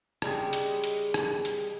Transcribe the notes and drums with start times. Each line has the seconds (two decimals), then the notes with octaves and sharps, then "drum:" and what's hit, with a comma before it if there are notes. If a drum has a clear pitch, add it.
0.22 C#3 G3 G#3, drum: rim click
0.53 drum: hi-hat
0.84 drum: hi-hat
1.14 drum: rim click
1.45 drum: hi-hat